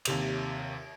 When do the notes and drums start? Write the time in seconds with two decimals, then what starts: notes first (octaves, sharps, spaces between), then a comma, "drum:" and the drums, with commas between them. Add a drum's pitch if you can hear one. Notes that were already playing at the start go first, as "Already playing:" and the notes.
0.05 D#2 C3 F7, drum: cymbal